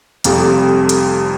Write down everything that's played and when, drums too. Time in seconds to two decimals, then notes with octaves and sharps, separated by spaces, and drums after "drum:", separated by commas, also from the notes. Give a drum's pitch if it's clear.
0.24 F1 F2 C3 G3, drum: hi-hat
0.89 drum: hi-hat